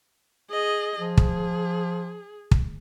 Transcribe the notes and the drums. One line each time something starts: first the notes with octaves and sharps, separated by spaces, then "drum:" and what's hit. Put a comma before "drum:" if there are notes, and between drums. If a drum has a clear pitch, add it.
G#4 D#5
F3 G#4
drum: kick
drum: kick